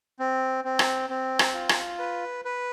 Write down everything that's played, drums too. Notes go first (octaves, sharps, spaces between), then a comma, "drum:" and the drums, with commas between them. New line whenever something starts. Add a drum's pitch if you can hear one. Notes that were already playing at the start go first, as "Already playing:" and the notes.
C4
C4
drum: rim click
C4
drum: rim click
F4
drum: rim click
B4
B4